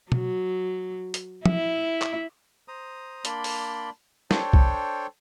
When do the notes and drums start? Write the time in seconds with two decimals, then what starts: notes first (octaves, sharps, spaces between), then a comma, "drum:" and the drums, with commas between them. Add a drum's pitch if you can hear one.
0.12 F#3, drum: tom B2
1.14 drum: hi-hat
1.46 E4, drum: tom
2.02 drum: clap
2.68 C5 A#5 D#6
3.25 A#3 D4 D5 B5 C6, drum: hi-hat
3.44 drum: open hi-hat
4.31 D4 A4 C5 C#5 G5, drum: snare
4.53 drum: kick C2